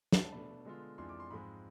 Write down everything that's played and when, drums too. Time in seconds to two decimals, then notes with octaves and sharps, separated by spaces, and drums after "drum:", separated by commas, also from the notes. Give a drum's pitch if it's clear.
0.13 drum: snare
0.24 A5
0.32 B2 A3 D4 B5
0.65 D3 G#3 B3 D4 F4
0.98 F2 E3 G#3 D4 F4 C6
1.09 D6
1.20 C6
1.30 G#2 F3 G#3 C4 B5